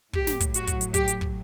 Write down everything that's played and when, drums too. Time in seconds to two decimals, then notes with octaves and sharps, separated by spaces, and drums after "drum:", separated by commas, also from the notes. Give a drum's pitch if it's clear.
0.13 A2 F#3 G4, drum: kick
0.27 drum: snare
0.40 drum: kick, hi-hat
0.54 F#4, drum: hi-hat
0.67 drum: kick, hi-hat
0.81 drum: hi-hat
0.94 G4, drum: kick, hi-hat
1.08 drum: hi-hat
1.21 drum: kick